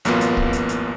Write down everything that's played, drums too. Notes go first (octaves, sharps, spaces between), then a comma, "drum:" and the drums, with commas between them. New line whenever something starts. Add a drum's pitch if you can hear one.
A1 F#2 A#3 B3 F4, drum: hi-hat
drum: hi-hat
drum: kick
drum: hi-hat
drum: hi-hat